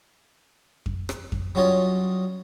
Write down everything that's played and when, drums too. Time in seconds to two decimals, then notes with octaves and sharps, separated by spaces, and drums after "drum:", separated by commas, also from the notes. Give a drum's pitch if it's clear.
0.86 drum: kick F2
1.09 drum: rim click
1.32 drum: kick F2
1.55 F#3 G3 C#4 F4 C#5 D#5